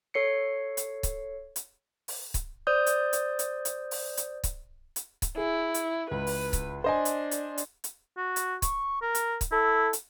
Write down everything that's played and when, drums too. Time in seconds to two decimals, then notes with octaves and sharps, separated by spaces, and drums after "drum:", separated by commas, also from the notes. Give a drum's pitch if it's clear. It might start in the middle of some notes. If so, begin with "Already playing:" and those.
0.14 A4 C#5 C7 C#7
0.77 drum: hi-hat
1.03 drum: kick C#1, hi-hat
1.56 drum: hi-hat
2.08 drum: open hi-hat
2.34 drum: kick C#1, hi-hat
2.67 C5 D5 D#6 G6
2.87 drum: hi-hat
3.13 drum: hi-hat
3.39 drum: hi-hat
3.65 drum: hi-hat
3.91 drum: open hi-hat
4.17 drum: hi-hat
4.44 drum: kick C#1, hi-hat
4.96 drum: hi-hat
5.22 drum: kick C#1, hi-hat
5.37 E4 G#4
5.74 drum: hi-hat
6.11 C#2 B4
6.27 drum: open hi-hat
6.53 drum: kick C#1, hi-hat
6.84 D4 C5 D#5 G#5
7.05 drum: hi-hat
7.31 drum: hi-hat
7.58 drum: hi-hat
7.84 drum: hi-hat
8.17 F#4
8.36 drum: hi-hat
8.62 C#6, drum: kick C#1, hi-hat
9.02 A#4
9.15 drum: hi-hat
9.41 drum: kick C#1, hi-hat
9.52 E4 A4
9.93 drum: hi-hat